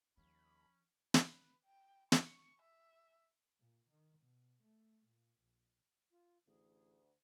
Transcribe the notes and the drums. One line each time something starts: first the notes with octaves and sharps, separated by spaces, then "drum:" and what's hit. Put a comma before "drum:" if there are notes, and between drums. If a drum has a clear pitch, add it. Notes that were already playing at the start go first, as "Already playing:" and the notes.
D#2 F3 C#4 B5
B4, drum: snare
G5
C#6, drum: snare
E5
A#2
D#3
B2
A3
A#2
A#1
F4
A1 D2 G#4